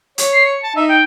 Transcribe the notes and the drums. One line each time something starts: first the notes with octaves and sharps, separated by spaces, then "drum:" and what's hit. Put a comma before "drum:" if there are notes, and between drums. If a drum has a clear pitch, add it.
C#5, drum: hi-hat
C7
C#7
A5
D#4 E5
G5